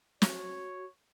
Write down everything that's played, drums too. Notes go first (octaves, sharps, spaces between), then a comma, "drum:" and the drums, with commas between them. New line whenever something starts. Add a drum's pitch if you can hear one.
F#4 C#5, drum: snare